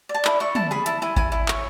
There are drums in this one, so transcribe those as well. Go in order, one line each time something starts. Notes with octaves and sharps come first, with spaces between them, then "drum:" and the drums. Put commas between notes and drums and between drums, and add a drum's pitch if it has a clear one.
D5
A5
E4 B5, drum: clap
E4 C#6
E4 A5, drum: tom
G#4 B5
E4 A5, drum: hi-hat
E4 G#5
E4 G#5, drum: kick G#1
E4
C#5, drum: clap